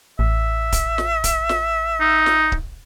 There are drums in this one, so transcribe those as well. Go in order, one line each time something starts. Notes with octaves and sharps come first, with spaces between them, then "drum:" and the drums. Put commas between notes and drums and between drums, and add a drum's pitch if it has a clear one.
A1 E5
drum: kick C#1, hi-hat
drum: snare
drum: kick C#1, hi-hat
drum: snare
D#4
drum: snare
drum: kick C#1